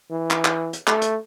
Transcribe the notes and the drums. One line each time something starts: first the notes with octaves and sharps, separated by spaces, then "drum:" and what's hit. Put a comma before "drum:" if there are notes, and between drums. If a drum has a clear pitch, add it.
E3
drum: clap
drum: clap
drum: hi-hat
A3, drum: clap
drum: hi-hat